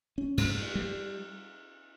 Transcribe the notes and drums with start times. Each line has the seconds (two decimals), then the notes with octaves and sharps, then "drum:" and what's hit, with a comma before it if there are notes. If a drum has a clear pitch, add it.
0.18 C#4
0.37 G2, drum: cymbal
0.56 G2
0.75 G3